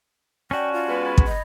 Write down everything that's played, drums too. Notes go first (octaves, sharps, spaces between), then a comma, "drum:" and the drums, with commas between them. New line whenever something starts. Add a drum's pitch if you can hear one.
C#4 F#4 D5 G5 A5
F4
G#3 B3
B5 G#6 A6
drum: kick
D#5